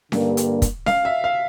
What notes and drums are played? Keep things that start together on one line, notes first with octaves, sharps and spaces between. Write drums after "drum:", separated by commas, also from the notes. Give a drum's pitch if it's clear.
G2 D3 G3 A#3, drum: snare C#4
drum: hi-hat
drum: kick, hi-hat
F5, drum: snare C#4
E5
F5